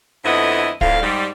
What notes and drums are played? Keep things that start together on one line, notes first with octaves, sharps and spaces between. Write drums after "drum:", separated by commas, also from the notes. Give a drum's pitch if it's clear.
F2 D3 B3 E4 D#5
F2 A2 D3 F5, drum: kick
G#2 G3